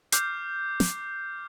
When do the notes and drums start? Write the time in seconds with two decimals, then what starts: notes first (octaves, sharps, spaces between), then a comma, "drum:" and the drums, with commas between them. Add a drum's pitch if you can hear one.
0.12 D6 F6 G6 C7, drum: hi-hat
0.80 drum: snare